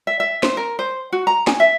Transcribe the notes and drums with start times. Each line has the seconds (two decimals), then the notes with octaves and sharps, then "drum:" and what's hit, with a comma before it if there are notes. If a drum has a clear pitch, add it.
0.07 E5
0.20 E5
0.43 C5, drum: snare
0.57 A#4
0.79 C5
1.12 F#4
1.27 A#5
1.47 G#5, drum: snare
1.60 E5